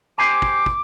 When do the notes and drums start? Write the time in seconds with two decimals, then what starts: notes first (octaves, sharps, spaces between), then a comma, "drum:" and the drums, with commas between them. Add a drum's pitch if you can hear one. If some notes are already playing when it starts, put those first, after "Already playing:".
0.18 G4 C5 G#5 D6
0.42 drum: kick
0.66 drum: kick